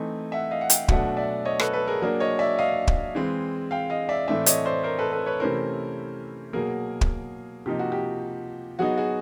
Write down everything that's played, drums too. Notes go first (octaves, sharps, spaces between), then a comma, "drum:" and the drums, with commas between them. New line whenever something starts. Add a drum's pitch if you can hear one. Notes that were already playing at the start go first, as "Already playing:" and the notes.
Already playing: E3 A3 C4 D#4
E5 F#5
D#5 F5
F#5
F5 G5, drum: hi-hat
B2 F#3 A3 D4 E5 F#5, drum: kick
D5 E5
C#5 D#5
A4 B4, drum: rim click
A4 B4
G#4 A#4
F#3 A#3 D4 G#4 A#4
C#5 D#5
D5 E5
D#5 F5
drum: kick
E3 G#3 C4
F5 G5
D#5 F5
D5 E5
A2 E3 A3 C4 D5 E5
C#5 D#5, drum: hi-hat
C5 D5
A#4 C5
A4 B4
A4 B4
B4 C#5
C3 E3 A3 C#4 E4 A#4 C5
B2 F#3 A#3 G#4 A#4
drum: kick
C3 F3 A#3 D#4 G4
F#4
G4
F#3 B3 D#4 F#4 G#4
F#4 G#4